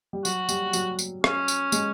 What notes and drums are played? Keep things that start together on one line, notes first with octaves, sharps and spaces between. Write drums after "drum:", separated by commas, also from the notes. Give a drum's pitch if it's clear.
G3
F#3 F#4, drum: tambourine
G3, drum: tambourine
F#3, drum: tambourine
drum: tambourine
C#4, drum: rim click
drum: tambourine
G#3, drum: tambourine